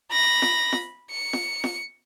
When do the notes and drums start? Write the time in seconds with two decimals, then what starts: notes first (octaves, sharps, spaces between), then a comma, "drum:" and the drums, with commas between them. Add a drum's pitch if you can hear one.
0.12 B5 A#6
0.42 drum: snare
0.72 drum: snare
1.10 C#7
1.33 drum: snare
1.64 drum: snare